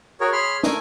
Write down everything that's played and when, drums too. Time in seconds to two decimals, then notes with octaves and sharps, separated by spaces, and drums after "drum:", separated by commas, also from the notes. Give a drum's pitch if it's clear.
0.21 F#4 G#4 A#4 C#5
0.33 G#4 C#5 B5 C6 F6
0.63 A3 A#4 G#5, drum: snare